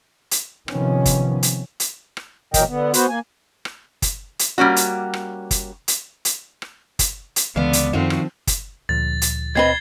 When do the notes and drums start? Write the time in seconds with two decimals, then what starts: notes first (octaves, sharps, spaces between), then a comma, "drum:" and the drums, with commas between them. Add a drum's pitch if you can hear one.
0.31 drum: hi-hat
0.68 C3 D#3 F3 B3 C#4, drum: rim click
1.05 drum: kick, hi-hat
1.43 drum: hi-hat
1.80 drum: hi-hat
2.17 drum: rim click
2.54 A#2 E3 F#3 A#4 D#5 G5, drum: kick, hi-hat
2.69 D3 B3
2.94 B3 F#4 B4 C5, drum: hi-hat
3.08 A#3 G#5
3.65 drum: rim click
4.02 drum: kick, hi-hat
4.39 drum: hi-hat
4.58 G3 A#3 C#4 F#4
4.76 drum: hi-hat
5.14 drum: rim click
5.51 drum: kick, hi-hat
5.88 drum: hi-hat
6.25 drum: hi-hat
6.62 drum: rim click
6.99 drum: kick, hi-hat
7.36 drum: hi-hat
7.56 C#2 D3 E3 B3 D5 F5
7.73 drum: hi-hat
7.93 F#2 A2 D#3 F3 C4 F4 F#4
8.10 drum: rim click
8.47 drum: kick, hi-hat
8.89 D2 A#2 F3 A6
9.22 drum: hi-hat
9.55 B1 C4 B4 D#5 G#6 C7 G7